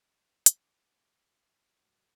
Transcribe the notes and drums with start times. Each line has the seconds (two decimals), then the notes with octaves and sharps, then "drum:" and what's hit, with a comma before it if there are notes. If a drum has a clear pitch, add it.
0.46 drum: hi-hat
0.57 D6
1.82 A2 F#3